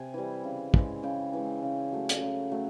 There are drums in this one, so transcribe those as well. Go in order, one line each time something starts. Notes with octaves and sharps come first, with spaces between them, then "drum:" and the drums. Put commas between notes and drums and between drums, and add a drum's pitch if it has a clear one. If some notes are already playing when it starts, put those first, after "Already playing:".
Already playing: C3 G#5
E3 G3
C#3
E3 G#3, drum: kick
C#3 G5
E3 G#3
C#3
F#3 A3
drum: hi-hat
C#3
F#3 A3